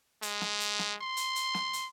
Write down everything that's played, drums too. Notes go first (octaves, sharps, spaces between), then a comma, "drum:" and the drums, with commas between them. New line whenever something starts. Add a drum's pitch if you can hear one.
G#3, drum: hi-hat
drum: snare
drum: hi-hat
drum: snare
C6
drum: hi-hat
drum: hi-hat
drum: snare
drum: hi-hat